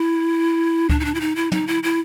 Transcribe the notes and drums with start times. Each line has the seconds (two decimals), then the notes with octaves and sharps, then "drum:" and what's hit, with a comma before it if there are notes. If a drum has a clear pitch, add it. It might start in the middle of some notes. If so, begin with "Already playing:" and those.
Already playing: E4
0.90 D4, drum: kick C#2
1.00 D#4
1.05 D4
1.15 E4
1.21 D#4
1.36 E4
1.52 D#4, drum: tom
1.67 E4
1.83 E4